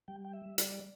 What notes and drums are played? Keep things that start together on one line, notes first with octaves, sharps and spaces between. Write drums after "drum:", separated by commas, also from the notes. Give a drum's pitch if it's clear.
G3 G5
G5
E5
G3
D5, drum: hi-hat